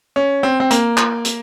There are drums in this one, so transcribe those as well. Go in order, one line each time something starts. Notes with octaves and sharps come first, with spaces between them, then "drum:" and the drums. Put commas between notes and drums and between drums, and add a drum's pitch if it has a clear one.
C#4
C4
C4
A#3, drum: hi-hat
drum: clap
drum: hi-hat